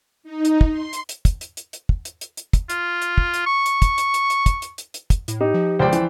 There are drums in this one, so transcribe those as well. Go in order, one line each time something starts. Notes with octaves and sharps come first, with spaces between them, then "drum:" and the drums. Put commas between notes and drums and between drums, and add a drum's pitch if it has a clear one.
D#4
drum: hi-hat
drum: kick
C6
drum: hi-hat
drum: hi-hat
drum: kick, hi-hat
drum: hi-hat
drum: hi-hat
drum: hi-hat
drum: kick
drum: hi-hat
drum: hi-hat
drum: hi-hat
drum: kick, hi-hat
F4, drum: hi-hat
drum: hi-hat
drum: kick
drum: hi-hat
C#6
drum: hi-hat
drum: kick, hi-hat
drum: hi-hat
drum: hi-hat
drum: hi-hat
drum: kick, hi-hat
drum: hi-hat
drum: hi-hat
drum: hi-hat
drum: kick, hi-hat
A2, drum: hi-hat
D#4 G4
F3
C#2 C5 D5 G5
E3, drum: hi-hat